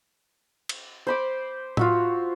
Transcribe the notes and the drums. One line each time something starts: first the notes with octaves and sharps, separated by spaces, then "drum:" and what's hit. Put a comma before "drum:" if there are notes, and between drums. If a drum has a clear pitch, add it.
drum: cymbal
C5 B5 D6
F4 F#4 E5, drum: tom A2